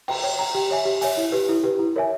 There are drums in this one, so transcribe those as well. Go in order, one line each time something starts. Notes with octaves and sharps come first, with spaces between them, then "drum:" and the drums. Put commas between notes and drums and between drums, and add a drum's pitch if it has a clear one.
G5 A#5, drum: cymbal
C#5
G5 A#5
G4
C#5 E5 G#5
G4
C#5 E5 G#5, drum: open hi-hat
E4
G4 B4
E4
G4 B4
E4
A#4 C#5 E5 G#5